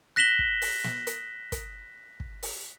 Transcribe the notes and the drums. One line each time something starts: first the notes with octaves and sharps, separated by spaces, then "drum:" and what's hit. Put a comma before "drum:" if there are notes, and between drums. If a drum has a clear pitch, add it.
F#6 A#6 B6 E7 F#7 G7
drum: kick
drum: open hi-hat
drum: snare
drum: hi-hat
drum: kick, hi-hat
drum: kick
drum: open hi-hat